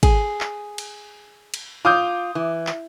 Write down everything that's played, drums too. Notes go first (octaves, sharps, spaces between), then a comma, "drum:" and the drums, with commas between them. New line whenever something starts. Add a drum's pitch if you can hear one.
G#4, drum: kick, cymbal
drum: clap
drum: cymbal
drum: cymbal
F4 D6 D#6 G6
E3
drum: clap